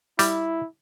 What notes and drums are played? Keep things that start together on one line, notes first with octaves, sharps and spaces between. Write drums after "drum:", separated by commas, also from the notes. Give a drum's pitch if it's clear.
G3 E4, drum: hi-hat